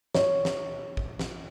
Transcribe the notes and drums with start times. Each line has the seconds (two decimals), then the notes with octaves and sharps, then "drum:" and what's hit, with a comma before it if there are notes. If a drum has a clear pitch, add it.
0.15 C#5, drum: snare
0.45 drum: snare
0.97 drum: kick
1.19 drum: snare